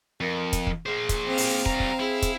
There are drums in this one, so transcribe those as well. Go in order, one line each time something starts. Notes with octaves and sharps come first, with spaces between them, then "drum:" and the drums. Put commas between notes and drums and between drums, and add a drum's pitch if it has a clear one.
F2 A#4
drum: kick, hi-hat
drum: kick
A#3 G#4 C5
drum: kick, hi-hat
C4 F5
drum: open hi-hat
G3 A#5, drum: kick
drum: kick
E4 G#4
drum: kick, hi-hat